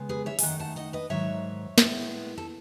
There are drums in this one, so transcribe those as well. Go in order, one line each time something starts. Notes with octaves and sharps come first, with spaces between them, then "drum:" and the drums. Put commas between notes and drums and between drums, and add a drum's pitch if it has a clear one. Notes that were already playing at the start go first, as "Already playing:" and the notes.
Already playing: C#3 G#3 B3
G#4 B4
C#5 E5
G#5, drum: open hi-hat
F#2 D#3 A3 D#4 D#5 F#5
F#5 A5
D#5 F#5
B4 D#5
G#2 D#3 F#3 C#5 E5
A2 G#3 B3, drum: snare
A4